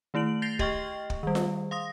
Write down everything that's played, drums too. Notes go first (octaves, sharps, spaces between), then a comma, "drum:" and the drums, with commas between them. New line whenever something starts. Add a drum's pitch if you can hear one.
D#3 A3 E4 D7 F#7
G6 A6 A#6 C7 F7 G7
G4 D#5 G5 C#6 F6, drum: kick
drum: kick
D#3 G3
drum: snare F4
F5 C6 D#6 A#6